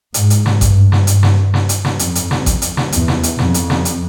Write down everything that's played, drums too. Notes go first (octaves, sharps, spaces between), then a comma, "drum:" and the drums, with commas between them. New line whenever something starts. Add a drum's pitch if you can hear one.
G#2, drum: hi-hat
drum: hi-hat
drum: snare
G2, drum: kick A1, hi-hat
drum: snare
G2, drum: hi-hat
drum: snare
drum: snare
drum: hi-hat
drum: snare
F2, drum: hi-hat
drum: hi-hat
drum: snare
drum: kick A1, hi-hat
drum: hi-hat
drum: snare
E2, drum: hi-hat
drum: snare
drum: hi-hat
F2, drum: snare
drum: hi-hat
drum: snare
drum: hi-hat